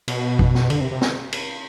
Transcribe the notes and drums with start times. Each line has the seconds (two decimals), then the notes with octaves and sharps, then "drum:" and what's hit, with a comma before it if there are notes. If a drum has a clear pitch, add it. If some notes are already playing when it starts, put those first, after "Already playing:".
0.08 B2, drum: cymbal
0.39 drum: kick G#1
0.55 drum: snare
0.70 D3, drum: cymbal
0.80 C3
0.91 C3
1.01 drum: snare
1.32 drum: cymbal